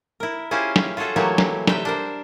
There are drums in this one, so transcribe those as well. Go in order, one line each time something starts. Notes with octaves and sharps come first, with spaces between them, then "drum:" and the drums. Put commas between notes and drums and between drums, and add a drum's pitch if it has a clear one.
E4 A#4
C#4 E4 F4 G4 G#4 C5
drum: snare
F4 F#4 G#4 A4 E5
E3 F#3 A3 A#3 G4 C#5
drum: snare
C3 G3 B4 E5 G5, drum: snare
D4 A#4 C5